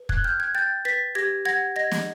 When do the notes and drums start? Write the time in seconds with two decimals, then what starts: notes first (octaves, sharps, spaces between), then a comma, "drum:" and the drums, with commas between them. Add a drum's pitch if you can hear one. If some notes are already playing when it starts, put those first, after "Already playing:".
Already playing: B4
0.09 F#6 G#6, drum: kick
0.24 G5 F6 G6
0.40 F#6 G#6
0.55 G5 G6 A6
0.85 B4 A6 B6
1.15 G4 G#6 A#6
1.45 F#5 G#6 A#6
1.76 D#5 G#6 A#6
1.92 drum: snare